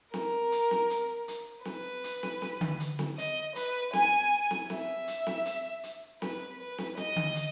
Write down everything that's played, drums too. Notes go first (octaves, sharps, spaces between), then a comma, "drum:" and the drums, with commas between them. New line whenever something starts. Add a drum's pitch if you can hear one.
A#4, drum: snare
drum: hi-hat
drum: snare
drum: hi-hat
drum: hi-hat
B4, drum: snare
drum: hi-hat
drum: snare
drum: snare
drum: tom D3
drum: hi-hat
drum: snare
D#5, drum: hi-hat
B4, drum: hi-hat
G#5, drum: snare
drum: snare
E5, drum: snare
drum: hi-hat
drum: snare
drum: hi-hat
drum: hi-hat
B4, drum: snare
B4
drum: snare
D#5, drum: snare
drum: tom D3
drum: hi-hat